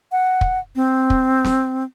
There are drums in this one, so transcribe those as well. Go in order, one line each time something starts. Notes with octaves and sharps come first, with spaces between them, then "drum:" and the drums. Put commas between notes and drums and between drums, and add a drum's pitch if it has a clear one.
F#5
drum: kick
C4
drum: kick
drum: snare